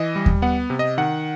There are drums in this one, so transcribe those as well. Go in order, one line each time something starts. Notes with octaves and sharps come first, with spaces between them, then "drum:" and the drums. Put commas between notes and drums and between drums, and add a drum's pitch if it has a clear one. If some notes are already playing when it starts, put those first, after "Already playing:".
Already playing: E3 D#5
G3
drum: kick D#2
B3 F#5
C3
D#5
D#3 F#5